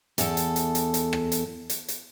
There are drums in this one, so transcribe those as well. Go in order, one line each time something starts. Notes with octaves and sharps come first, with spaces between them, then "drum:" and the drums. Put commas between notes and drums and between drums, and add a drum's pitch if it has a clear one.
E2 A4, drum: hi-hat
drum: hi-hat
drum: hi-hat
drum: hi-hat
drum: hi-hat
drum: rim click
drum: hi-hat
drum: hi-hat
drum: hi-hat